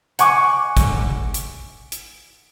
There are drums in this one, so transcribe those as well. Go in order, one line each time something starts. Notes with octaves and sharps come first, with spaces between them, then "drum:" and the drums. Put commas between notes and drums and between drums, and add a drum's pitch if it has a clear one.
F#5 G#5 C#6 D6, drum: hi-hat
drum: kick, hi-hat
drum: hi-hat
drum: hi-hat